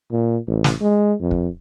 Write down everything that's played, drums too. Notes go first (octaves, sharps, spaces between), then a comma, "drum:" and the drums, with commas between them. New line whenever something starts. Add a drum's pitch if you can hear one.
A#2
A1
drum: snare
G#3
F2
drum: kick